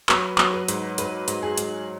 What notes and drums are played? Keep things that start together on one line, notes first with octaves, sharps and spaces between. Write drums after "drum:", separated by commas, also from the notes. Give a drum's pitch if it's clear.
F#3 B4, drum: clap
F#3, drum: clap
B4
G#2, drum: hi-hat
G#2 B4, drum: hi-hat
G#2, drum: hi-hat
G#4
G#2, drum: hi-hat